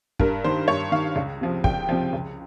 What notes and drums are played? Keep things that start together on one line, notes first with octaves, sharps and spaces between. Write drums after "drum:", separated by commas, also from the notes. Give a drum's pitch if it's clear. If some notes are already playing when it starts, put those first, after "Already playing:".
G2 A#4, drum: kick
D#3 C5
G2 C#5
D#3 F5
C#2
C3 F3
C#2 G5, drum: kick
C3 F3
C#2